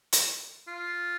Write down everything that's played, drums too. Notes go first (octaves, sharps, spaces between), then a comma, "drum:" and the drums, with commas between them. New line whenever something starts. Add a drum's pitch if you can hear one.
drum: hi-hat
F4